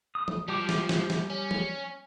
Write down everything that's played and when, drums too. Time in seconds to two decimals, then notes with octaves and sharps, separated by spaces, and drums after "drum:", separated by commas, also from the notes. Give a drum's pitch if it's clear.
0.15 D#6
0.28 drum: tom F3
0.48 F3 G3 G4 D6
0.69 drum: snare
0.89 drum: snare
1.10 drum: snare
1.30 C#4
1.51 drum: tom F3